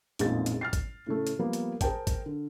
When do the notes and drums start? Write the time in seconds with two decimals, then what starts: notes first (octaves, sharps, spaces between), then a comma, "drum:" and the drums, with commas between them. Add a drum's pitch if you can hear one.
0.19 A1 F2 A#2 G#3 D#4 A6, drum: hi-hat
0.46 drum: hi-hat
0.61 F6 A6 C7
0.73 drum: kick, hi-hat
1.07 A2 C#3 A3
1.27 drum: hi-hat
1.39 F3 G3 A#3 B3
1.53 drum: hi-hat
1.81 G#4 A#4 C5 G5 A5, drum: kick, hi-hat
2.07 drum: kick, hi-hat
2.26 D3